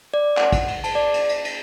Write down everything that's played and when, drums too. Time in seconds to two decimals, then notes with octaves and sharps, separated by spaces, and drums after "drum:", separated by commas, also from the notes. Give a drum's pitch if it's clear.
0.14 D5
0.37 F#5, drum: clap
0.52 drum: kick, cymbal
0.68 drum: cymbal
0.84 A5, drum: cymbal
0.95 D5
1.14 drum: cymbal
1.29 drum: cymbal
1.45 drum: cymbal